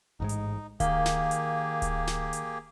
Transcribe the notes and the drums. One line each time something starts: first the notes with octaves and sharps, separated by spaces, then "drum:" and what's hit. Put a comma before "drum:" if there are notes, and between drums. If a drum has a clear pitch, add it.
A1 G#2 G#3 D#4
drum: hi-hat
D#3 A#3 G4 G#4 F5, drum: kick D1, hi-hat
drum: snare
drum: hi-hat
drum: kick D1, hi-hat
drum: snare
drum: hi-hat